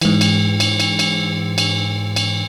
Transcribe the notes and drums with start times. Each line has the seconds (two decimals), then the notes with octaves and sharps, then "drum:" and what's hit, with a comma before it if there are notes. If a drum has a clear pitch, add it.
0.01 G#2 E3, drum: cymbal
0.21 drum: cymbal
0.60 drum: cymbal
0.80 drum: cymbal
0.99 drum: cymbal
1.58 drum: cymbal
2.16 drum: cymbal